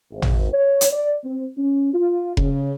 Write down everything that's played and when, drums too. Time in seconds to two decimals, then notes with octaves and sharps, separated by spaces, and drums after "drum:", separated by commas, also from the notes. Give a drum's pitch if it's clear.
0.11 G#1
0.22 drum: tom
0.53 C#5
0.81 drum: hi-hat
0.92 D5
1.24 C4
1.57 C#4
1.93 F4
2.37 C#3, drum: kick F1